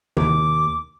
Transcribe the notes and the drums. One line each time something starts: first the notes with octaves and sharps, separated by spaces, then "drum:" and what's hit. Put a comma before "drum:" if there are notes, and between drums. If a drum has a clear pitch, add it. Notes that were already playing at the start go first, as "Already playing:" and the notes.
D#2 D6, drum: tom C3